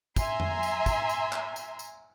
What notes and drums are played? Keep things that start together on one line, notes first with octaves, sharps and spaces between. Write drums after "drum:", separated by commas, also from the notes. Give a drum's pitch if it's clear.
E5 G#5 A#5 C6, drum: kick, tambourine
drum: tom F2
drum: tambourine
drum: kick, tambourine
drum: tambourine
drum: clap
drum: tambourine
drum: tambourine